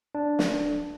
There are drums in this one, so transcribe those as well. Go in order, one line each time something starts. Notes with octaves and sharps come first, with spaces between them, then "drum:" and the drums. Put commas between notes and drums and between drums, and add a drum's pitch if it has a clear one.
D4
drum: snare